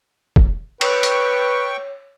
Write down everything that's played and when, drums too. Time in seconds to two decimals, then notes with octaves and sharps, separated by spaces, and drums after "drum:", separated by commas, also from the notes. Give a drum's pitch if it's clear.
0.36 drum: kick
0.81 B4 C#5 G5 C#6, drum: cymbal
1.03 drum: hi-hat